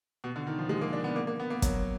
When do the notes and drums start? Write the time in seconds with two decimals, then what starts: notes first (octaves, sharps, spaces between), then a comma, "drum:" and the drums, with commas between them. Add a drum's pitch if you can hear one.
0.24 B2
0.36 D3
0.47 D#3
0.59 F3
0.69 G#3
0.81 A#3
0.93 D4
1.04 B3
1.16 A#3
1.27 A#3
1.40 B3
1.50 A#3
1.62 F#3, drum: kick, hi-hat